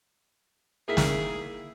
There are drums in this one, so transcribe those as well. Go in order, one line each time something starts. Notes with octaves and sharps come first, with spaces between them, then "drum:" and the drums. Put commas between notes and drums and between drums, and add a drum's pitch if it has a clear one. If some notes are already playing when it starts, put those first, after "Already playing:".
D#3 A#3 E4 G#4 B6
drum: snare